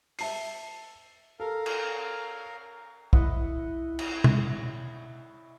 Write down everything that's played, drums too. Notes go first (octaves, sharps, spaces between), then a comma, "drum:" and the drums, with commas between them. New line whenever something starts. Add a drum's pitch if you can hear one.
E5 A5 C7, drum: open hi-hat
A4 A#4 F5
drum: cymbal
E4 D#5 F#5, drum: kick
drum: cymbal
drum: tom B2